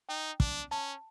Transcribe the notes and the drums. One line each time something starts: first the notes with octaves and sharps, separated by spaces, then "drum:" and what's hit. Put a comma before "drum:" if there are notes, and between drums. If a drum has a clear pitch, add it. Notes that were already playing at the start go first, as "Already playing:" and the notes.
D#4 G5
D4, drum: kick
C#4 A5